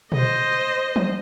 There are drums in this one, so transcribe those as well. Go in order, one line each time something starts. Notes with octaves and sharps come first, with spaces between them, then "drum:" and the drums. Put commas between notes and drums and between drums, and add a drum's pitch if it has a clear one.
C5 D#5, drum: tom
drum: tom